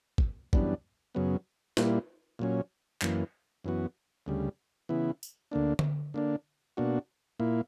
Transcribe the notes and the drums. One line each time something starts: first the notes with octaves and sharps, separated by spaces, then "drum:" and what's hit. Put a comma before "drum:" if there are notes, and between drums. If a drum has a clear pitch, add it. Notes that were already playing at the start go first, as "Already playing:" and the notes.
drum: kick
F#2 E3 G3 B3 D4, drum: kick
F#2 C#3 F#3 B3
A#2 G3 A#3 E4, drum: snare
A#2 F#3 C#4
F#2 E3 A#3, drum: clap
F#2 E3 B3 F#4
D2 C#3 G3
C#3 E3 B3 E4
drum: tambourine
D2 D3 A#3 D4
drum: tom D3
D3 A#3 D4
B2 A#3 D4 F#4
A#2 A#3 E4